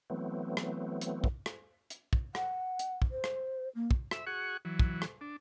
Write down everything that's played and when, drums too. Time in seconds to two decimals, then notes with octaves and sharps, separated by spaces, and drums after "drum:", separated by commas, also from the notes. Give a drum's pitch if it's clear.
0.10 E3 F#3 A3 B3 C4
0.57 drum: rim click
1.01 drum: hi-hat
1.24 drum: kick
1.46 drum: rim click
1.90 drum: hi-hat
2.13 drum: kick
2.35 F#5, drum: rim click
2.79 drum: hi-hat
3.02 drum: kick
3.11 C5
3.24 drum: rim click
3.75 A#3
3.91 drum: kick
4.11 E5, drum: rim click
4.27 F#4 G#4 F#5 C#6
4.65 E3 F#3
4.79 drum: kick
5.02 drum: rim click
5.21 D4